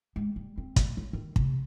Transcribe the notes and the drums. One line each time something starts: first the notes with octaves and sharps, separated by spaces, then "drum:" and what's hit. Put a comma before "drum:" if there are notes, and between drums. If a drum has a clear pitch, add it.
G#3
G3
C4
F#3, drum: kick, hi-hat
F#3
D#3
C3, drum: kick